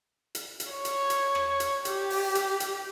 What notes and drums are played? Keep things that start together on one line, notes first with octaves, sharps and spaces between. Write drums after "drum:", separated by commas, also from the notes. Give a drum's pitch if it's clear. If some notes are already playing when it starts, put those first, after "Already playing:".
drum: hi-hat
drum: hi-hat
C#5
drum: hi-hat
drum: hi-hat
drum: rim click
drum: hi-hat
G4, drum: hi-hat
drum: open hi-hat
drum: hi-hat
drum: hi-hat